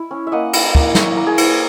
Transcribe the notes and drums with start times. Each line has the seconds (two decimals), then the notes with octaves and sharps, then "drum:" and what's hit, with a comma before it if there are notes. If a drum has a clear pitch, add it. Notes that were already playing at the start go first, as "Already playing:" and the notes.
Already playing: E4
0.11 C#4
0.27 E5
0.32 A#3 D#5 F#5
0.53 E4, drum: cymbal
0.75 A#3, drum: kick
0.95 E4 C#5 E5, drum: snare
1.17 A#3 A#4
1.27 G#4
1.38 E4, drum: cymbal